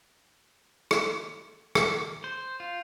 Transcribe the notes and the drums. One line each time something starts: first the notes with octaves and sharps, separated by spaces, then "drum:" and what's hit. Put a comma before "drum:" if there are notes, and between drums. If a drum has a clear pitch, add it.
drum: rim click
drum: rim click
C5
F4